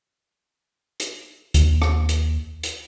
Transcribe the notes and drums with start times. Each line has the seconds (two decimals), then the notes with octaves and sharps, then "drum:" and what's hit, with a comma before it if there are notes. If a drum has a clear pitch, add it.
1.00 drum: hi-hat
1.54 D#2, drum: hi-hat
1.82 drum: rim click
2.09 drum: hi-hat
2.63 drum: hi-hat